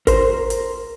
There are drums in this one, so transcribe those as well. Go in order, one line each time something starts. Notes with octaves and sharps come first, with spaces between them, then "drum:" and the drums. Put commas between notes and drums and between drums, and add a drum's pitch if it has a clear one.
A#4 C5, drum: kick, hi-hat
drum: hi-hat